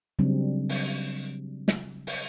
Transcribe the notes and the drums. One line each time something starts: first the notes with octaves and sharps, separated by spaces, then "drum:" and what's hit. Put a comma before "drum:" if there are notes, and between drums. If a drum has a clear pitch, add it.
C#3 F#3 G3 C4 D4
drum: open hi-hat
drum: snare
drum: open hi-hat